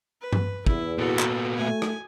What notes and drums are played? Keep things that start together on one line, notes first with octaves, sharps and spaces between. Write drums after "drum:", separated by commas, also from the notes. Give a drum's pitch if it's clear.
B4
drum: tom G2
E2 E4, drum: kick
A#2 B3 F#4 A4
drum: clap
A3 G#5
drum: rim click